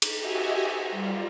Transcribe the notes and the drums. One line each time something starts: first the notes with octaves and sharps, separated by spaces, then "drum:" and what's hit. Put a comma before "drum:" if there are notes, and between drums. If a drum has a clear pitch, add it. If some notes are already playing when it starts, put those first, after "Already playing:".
drum: cymbal
F#4 G4 D#5 E5 G#5
G3 F4